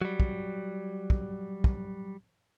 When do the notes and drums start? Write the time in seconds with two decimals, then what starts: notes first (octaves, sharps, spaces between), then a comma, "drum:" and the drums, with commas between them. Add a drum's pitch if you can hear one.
0.02 F#3 G3
0.20 drum: kick
1.10 drum: kick
1.64 drum: kick